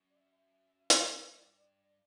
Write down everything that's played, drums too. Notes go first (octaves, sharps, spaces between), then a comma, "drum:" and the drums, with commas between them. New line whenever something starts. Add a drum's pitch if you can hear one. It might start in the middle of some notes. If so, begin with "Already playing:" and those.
Already playing: F#2
D5
E5
drum: hi-hat
G2 D5